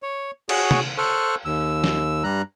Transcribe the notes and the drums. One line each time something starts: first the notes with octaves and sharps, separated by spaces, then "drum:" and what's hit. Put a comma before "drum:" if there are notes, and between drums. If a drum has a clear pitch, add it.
C#5
F#4 G#4 C#5, drum: cymbal
drum: tom
A4 C5 C#6 F6 F#6
D#2 E6
drum: snare
G2 G3 A#5 F#6